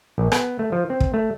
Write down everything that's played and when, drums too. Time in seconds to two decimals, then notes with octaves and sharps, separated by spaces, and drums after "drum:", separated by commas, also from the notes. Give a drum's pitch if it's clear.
0.18 A#1
0.32 B3, drum: rim click
0.59 A3
0.72 F3
0.90 C4
1.00 drum: kick
1.14 A3